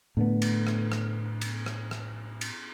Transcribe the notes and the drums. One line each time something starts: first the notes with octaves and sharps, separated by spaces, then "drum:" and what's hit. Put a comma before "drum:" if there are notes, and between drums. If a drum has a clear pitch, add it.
A2 D3 A3 B3
drum: cymbal
drum: rim click
drum: rim click
drum: cymbal
drum: rim click
drum: rim click
drum: cymbal